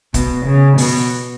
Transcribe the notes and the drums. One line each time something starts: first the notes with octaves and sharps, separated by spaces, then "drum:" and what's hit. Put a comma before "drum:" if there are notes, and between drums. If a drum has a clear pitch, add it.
B2, drum: kick, hi-hat
C#3
B2, drum: open hi-hat